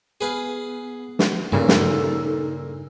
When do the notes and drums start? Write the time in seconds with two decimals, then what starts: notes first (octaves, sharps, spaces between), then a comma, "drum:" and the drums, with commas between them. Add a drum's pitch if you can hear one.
0.21 B3 G#4 B4 F5
1.19 drum: snare
1.52 G2 A#2 C#3 D#4 A4
1.68 drum: snare